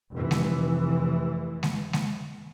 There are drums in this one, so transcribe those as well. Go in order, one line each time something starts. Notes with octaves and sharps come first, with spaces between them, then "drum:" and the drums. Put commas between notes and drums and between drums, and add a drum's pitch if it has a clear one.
F1 E3
drum: snare G#3
drum: snare G#3
drum: snare G#3